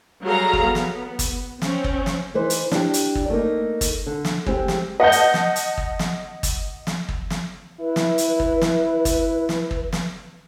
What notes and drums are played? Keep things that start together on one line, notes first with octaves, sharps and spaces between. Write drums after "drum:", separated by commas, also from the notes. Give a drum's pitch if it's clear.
F#3 G3 G#4 A4 F5 A#5
drum: kick
B3
drum: snare
drum: kick, hi-hat
C4 C#4, drum: snare
drum: kick
drum: snare
E3 D#4 B4 C5
drum: hi-hat
D4 G4, drum: snare
drum: hi-hat
drum: kick
A3 A#3 D#4
drum: kick, hi-hat
D3
drum: snare
G#3 C4 G4, drum: kick
drum: snare
D#5 F#5 A5 G6
drum: hi-hat
drum: snare
drum: hi-hat
drum: kick
drum: snare
drum: kick, hi-hat
drum: snare
drum: kick
drum: snare
E4 B4
drum: snare
drum: hi-hat
drum: kick
drum: snare
drum: kick, hi-hat
drum: snare
drum: kick
drum: snare